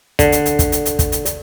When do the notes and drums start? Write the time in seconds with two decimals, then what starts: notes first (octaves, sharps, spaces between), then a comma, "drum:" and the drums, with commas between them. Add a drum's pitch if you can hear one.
0.19 D3, drum: kick, hi-hat
0.32 drum: hi-hat
0.46 drum: hi-hat
0.59 drum: kick, hi-hat
0.72 drum: hi-hat
0.85 drum: hi-hat
0.99 drum: kick, hi-hat
1.12 drum: hi-hat
1.25 drum: hi-hat